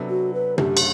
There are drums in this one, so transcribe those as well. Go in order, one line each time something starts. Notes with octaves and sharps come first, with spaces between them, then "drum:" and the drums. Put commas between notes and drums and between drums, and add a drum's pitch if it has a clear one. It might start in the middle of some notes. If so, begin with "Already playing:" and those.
Already playing: C3 F#3 B3 D4 A4
F#4
B4
F#2 D3 A3 G4, drum: tom
drum: cymbal